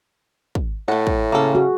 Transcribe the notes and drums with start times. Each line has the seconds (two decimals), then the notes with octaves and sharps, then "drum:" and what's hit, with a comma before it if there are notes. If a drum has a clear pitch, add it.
0.55 drum: kick
0.88 A2 A3 F#5
1.07 drum: kick
1.32 C#3 A#3 C#4 A4
1.55 F#4 G#4